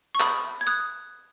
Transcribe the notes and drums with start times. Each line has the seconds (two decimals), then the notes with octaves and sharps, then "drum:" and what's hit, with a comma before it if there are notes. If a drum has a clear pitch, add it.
0.15 C#6
0.20 B5 D#6, drum: clap
0.61 G#6
0.67 D#6 F#6